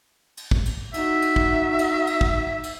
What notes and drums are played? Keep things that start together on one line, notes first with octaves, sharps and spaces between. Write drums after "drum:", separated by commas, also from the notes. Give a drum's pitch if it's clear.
drum: cymbal
drum: kick
drum: cymbal
D#4 F#4 E5, drum: cymbal
drum: cymbal
drum: kick
drum: cymbal
drum: cymbal
drum: kick
drum: cymbal